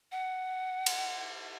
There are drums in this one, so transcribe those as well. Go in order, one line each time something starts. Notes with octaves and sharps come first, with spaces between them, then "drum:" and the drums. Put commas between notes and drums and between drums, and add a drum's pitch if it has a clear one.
F#5
drum: cymbal